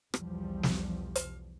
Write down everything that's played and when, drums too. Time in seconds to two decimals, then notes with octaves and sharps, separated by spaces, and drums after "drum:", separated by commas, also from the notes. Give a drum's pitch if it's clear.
0.14 B1 E2 F3 G3, drum: rim click
0.63 drum: snare
1.15 drum: hi-hat